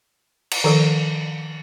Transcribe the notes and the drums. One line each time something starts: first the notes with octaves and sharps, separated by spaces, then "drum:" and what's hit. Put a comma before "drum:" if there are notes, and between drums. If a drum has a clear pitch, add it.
drum: cymbal
D#3 F3 A4 D5